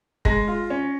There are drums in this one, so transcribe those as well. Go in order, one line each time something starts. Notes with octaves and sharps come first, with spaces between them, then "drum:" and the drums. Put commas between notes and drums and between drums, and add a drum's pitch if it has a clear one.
G#3 A#6, drum: kick
F4
C#4